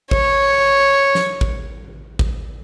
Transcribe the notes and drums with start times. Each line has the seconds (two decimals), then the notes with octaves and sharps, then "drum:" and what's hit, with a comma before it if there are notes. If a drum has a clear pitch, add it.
0.11 C#5, drum: kick
1.15 drum: snare
1.41 drum: kick
2.19 drum: kick